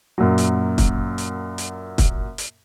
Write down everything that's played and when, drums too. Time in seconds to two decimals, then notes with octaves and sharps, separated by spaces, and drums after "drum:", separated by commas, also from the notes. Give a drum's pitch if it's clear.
0.18 F#2 A#2 F#3
0.38 drum: hi-hat
0.78 drum: kick, hi-hat
1.18 drum: hi-hat
1.58 drum: hi-hat
1.98 drum: kick, hi-hat
2.38 drum: hi-hat